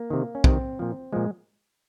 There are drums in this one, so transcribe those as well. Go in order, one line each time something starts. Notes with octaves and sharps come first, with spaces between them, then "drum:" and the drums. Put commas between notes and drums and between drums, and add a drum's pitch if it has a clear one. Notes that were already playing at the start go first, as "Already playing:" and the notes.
Already playing: A#3
C3 D#3
C#4
C3 D#3 C4, drum: kick
A#2 F3
A#2 F3 G#3